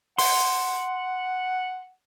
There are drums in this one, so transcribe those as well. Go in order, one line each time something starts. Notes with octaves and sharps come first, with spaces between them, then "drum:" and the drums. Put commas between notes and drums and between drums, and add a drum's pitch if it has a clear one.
F#5 C6, drum: open hi-hat